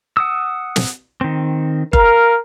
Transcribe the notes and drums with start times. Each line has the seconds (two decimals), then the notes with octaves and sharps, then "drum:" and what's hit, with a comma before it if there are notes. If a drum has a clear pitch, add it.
0.17 F#5 D#6 E6
0.76 drum: snare
1.21 D#3 C4
1.93 A#4 F5, drum: kick G1